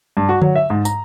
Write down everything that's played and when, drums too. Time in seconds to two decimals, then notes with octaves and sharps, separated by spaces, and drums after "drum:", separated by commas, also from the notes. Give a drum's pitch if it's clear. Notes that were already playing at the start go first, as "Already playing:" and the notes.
0.17 G2
0.29 F#4
0.42 F#3, drum: tom D3
0.56 E5
0.70 G#2
0.85 A#5, drum: tambourine